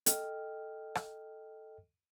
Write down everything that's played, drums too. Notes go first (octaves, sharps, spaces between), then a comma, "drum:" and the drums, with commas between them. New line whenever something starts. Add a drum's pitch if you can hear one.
A4 D#5 G5 F6, drum: hi-hat
drum: rim click